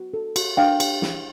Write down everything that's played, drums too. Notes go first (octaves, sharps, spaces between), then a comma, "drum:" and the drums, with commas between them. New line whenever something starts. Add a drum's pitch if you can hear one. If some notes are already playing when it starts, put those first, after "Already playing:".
Already playing: F#4
A4
F#4, drum: cymbal
D4 F5 G5
G4, drum: cymbal
E4, drum: snare